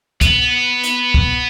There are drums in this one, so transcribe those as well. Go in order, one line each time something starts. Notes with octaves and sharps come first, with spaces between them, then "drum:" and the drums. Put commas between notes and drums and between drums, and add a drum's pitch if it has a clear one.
B3, drum: kick, hi-hat
drum: hi-hat
drum: kick